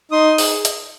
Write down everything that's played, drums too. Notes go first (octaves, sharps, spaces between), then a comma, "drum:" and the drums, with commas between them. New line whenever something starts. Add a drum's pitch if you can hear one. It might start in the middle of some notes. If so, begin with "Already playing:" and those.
D#4 C6 D#6
G#4, drum: open hi-hat
drum: hi-hat